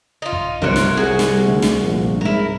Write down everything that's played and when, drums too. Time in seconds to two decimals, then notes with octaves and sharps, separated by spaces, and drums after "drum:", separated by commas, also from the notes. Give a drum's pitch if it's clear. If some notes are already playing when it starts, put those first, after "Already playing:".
0.22 D#4 F4
0.32 drum: kick
0.62 G1 C2 A#4 C5 C#5 F#6 C#7
0.76 drum: snare
0.97 C2 F#4 G#4 G#6
1.19 drum: snare
1.47 D2
1.62 drum: snare
1.83 A#1
2.21 G#2 E4 A#4